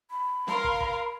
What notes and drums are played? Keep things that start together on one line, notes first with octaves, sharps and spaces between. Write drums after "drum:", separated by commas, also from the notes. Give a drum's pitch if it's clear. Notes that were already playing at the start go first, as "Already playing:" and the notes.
B5
A#4 F5 C6, drum: snare
drum: kick
drum: kick